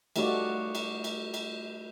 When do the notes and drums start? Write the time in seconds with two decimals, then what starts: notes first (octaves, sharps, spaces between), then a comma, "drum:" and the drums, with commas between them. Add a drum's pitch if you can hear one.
0.16 G3 A3 D#4 F4 F#4 D5, drum: cymbal
0.75 drum: cymbal
1.04 drum: cymbal
1.34 drum: cymbal